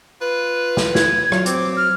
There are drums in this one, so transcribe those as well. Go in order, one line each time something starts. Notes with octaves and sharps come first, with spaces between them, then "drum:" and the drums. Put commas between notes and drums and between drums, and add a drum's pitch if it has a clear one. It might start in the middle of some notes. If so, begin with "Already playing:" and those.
F4 B4
drum: snare
G#6, drum: snare
F#3 F4, drum: rim click
C4 D6, drum: hi-hat
F6